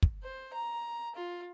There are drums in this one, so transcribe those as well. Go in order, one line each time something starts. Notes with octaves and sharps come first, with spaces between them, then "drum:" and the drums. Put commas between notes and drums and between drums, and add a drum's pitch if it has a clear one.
drum: kick
C5
A#5
F4